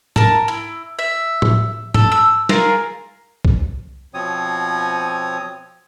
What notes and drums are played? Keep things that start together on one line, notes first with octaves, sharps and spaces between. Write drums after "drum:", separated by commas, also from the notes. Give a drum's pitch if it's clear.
A#4 A5, drum: tom G#2
E4
E5
drum: tom A2
A4, drum: tom G#2
E6
F4 G#4 A#4, drum: snare
drum: kick B1
B2 F3 C4 C#5 D#6